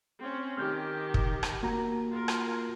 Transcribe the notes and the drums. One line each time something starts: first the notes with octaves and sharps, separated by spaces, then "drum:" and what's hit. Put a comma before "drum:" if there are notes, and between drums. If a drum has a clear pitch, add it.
C4 C#4
D#3 G4 F6 G6
drum: kick
drum: rim click
A#3 F#4 A#5
F4 A#4
drum: rim click